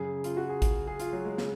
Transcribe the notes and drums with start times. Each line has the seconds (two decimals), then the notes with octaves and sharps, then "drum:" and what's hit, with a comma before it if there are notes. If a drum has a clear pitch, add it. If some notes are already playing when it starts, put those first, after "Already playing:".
Already playing: F#2 C#3 G#4
0.24 F4, drum: hi-hat
0.37 F#4
0.49 G#4
0.62 drum: kick, hi-hat
0.87 G#4
1.00 F4, drum: hi-hat
1.13 F#3
1.25 G#3
1.38 C#3, drum: snare